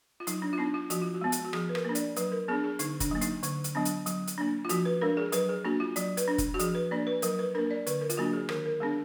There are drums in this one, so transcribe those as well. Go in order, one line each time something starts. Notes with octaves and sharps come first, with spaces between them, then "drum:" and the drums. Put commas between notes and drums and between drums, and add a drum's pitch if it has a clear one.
F4
F#3 D#4, drum: hi-hat
D4
F4
B3 D4 D#4
F4
F3 F#4, drum: hi-hat
F4
F#4
G#3 B3
drum: hi-hat
F#4
F3 G#4, drum: rim click
B4
A#4, drum: rim click
A#3 D4
D5, drum: hi-hat
F#3 B4, drum: hi-hat
A#4
B3 D4 G#4
G#4
D3 D#4, drum: hi-hat
D4, drum: kick F1, hi-hat
F#3 A#3
D#4, drum: hi-hat
D3, drum: hi-hat
drum: hi-hat
F#3 B3 D4
drum: hi-hat
F#3, drum: hi-hat
drum: hi-hat
A#3 D4
F4
F3 F#4, drum: hi-hat
B4
G#3 D4 A#4
G#4
F#3 B4, drum: hi-hat
G#4
A#3 D4 F#4
F4
F#3 D5, drum: hi-hat
B4, drum: hi-hat
D4
drum: kick F1, hi-hat
F#4
F3 G#4, drum: hi-hat
B4
A#3 D4 D5
B4
F#3 A#4, drum: hi-hat
B4
A#3 D4 A#4
D5
D3 B4, drum: hi-hat
A#4
F4, drum: hi-hat
F#3 A#3 D4 F#4
G#4
D#3 A#4, drum: rim click
A#4
G#3 B3 D4 G#4